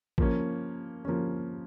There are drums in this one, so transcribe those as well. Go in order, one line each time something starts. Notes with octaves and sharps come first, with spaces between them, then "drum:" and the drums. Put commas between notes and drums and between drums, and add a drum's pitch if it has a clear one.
F3 A#3 C#4, drum: kick
F3 A#3 C#4